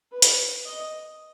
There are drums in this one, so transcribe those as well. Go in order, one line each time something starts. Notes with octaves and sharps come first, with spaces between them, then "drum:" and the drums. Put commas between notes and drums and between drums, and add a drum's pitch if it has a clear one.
B4
drum: hi-hat
D#5